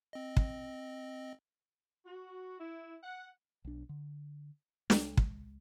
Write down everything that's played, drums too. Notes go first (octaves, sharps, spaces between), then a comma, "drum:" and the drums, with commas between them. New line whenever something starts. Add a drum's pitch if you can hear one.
C4 D#5
drum: kick
F#4
E4
F#5
B1 D4
D3
C#2 G#3, drum: snare
drum: kick